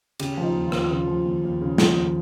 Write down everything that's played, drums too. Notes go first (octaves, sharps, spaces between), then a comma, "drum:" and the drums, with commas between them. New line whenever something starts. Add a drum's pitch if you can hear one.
C#3 G4, drum: cymbal
F3
D#4
D#2
F4
D#2, drum: rim click
C#3 F4
F3
D#2
D#2
C#3
F3, drum: snare
D#2